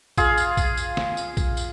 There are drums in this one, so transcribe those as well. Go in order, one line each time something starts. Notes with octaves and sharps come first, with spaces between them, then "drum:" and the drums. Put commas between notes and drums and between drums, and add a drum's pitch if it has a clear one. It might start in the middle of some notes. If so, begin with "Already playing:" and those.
F4 G#4 F5, drum: kick, tambourine
drum: tambourine
drum: kick, tambourine
drum: tambourine
drum: snare
drum: tambourine
drum: kick, tambourine
drum: tambourine